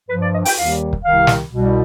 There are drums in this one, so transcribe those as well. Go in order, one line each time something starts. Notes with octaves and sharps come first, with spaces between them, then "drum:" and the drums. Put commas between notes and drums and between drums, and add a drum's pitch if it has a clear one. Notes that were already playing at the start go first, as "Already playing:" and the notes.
G2 F3 B4
D5
D#5
G5, drum: open hi-hat
D#2 D#3 G3 F5
drum: kick
C2 C3 D#3 F5
drum: snare
C2 B2 G3